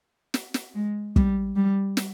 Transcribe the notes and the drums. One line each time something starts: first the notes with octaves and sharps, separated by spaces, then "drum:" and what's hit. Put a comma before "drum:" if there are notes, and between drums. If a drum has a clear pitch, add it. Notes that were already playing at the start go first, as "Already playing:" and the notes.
drum: snare
drum: snare
G#3
G3, drum: kick
G3
drum: snare